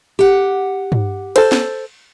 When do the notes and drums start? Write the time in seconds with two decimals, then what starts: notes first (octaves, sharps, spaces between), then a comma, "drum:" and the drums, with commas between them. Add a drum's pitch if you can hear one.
0.19 G4 F#5
0.92 drum: tom G2
1.36 A4 C5, drum: cymbal
1.52 drum: snare